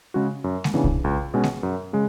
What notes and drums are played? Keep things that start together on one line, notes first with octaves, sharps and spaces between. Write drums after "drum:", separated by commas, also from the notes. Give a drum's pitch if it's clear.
C#3 G#3 C#4 F#4
F#2
drum: snare G#3
C#3 E3 B3 D4
drum: kick
C#2
B2 G#3 C#4
drum: snare G#3
F#2
C#3 G#3